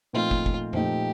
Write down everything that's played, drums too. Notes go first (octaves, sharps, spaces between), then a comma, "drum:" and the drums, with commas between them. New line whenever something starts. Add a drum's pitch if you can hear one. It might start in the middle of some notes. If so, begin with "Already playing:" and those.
A#2 F3 A3 C4 D#4 F4
drum: kick
drum: kick
A#2 F3 A3 C4 D#4 G4, drum: tom F2